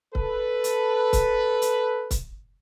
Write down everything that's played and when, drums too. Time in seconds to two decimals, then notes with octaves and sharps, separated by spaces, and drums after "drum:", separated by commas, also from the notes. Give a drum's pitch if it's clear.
0.15 A4 B4, drum: kick C#1
0.64 drum: hi-hat
1.13 drum: kick C#1, hi-hat
1.62 drum: hi-hat
2.11 drum: kick C#1, hi-hat